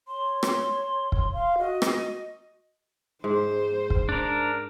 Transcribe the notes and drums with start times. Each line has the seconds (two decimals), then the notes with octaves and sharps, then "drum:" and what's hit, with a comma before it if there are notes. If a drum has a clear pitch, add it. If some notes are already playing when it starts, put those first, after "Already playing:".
0.08 C#5 C6
0.43 drum: rim click
1.12 drum: kick
1.33 F5
1.59 F#4 D#5
1.82 drum: rim click
3.24 G#2 C5
3.90 drum: kick
4.09 D4 A#4